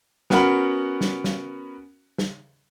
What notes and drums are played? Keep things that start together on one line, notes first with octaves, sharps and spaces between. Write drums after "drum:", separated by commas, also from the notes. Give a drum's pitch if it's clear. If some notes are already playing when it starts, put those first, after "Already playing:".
B3 C#4 F#4 A#4 F#5 B5, drum: snare
drum: snare
drum: snare
drum: snare